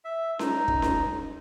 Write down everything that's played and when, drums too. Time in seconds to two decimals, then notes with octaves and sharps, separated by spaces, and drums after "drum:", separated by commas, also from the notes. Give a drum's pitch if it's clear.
0.05 E5
0.39 D#4, drum: snare C#4
0.68 drum: kick
0.82 drum: snare C#4